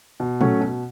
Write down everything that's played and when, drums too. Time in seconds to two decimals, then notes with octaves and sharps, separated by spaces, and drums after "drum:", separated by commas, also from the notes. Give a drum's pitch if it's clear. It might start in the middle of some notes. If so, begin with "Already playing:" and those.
0.20 B2
0.41 F#3 A3 C#4, drum: tom
0.60 B2